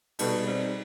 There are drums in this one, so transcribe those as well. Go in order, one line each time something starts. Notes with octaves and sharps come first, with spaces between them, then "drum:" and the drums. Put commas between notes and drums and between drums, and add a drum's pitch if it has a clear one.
B2 G3 B3 D#4 A4, drum: cymbal
G3 C4 D#4